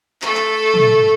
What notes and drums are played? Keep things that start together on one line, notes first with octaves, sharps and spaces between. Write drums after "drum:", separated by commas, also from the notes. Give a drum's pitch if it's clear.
A3 A4, drum: clap
drum: clap
drum: tom